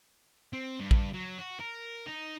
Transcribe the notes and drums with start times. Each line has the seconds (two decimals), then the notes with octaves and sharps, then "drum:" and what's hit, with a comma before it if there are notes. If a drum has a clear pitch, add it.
0.53 C4
0.80 G2
0.91 drum: kick
1.13 F#3
1.38 F#4
1.60 A#4
2.06 D#4